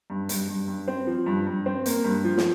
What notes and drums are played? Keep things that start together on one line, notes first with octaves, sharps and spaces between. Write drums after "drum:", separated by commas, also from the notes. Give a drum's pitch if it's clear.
G2
G2, drum: hi-hat
G2
G2
C4
F3
G2
G2
C4
A#3, drum: hi-hat
G2
F3
drum: snare